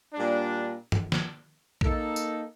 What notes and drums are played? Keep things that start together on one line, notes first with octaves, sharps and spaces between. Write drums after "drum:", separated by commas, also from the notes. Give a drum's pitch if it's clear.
A#2 G3 D4
drum: tom G2
drum: snare
A#3 D#4 A4, drum: kick A#1
drum: tambourine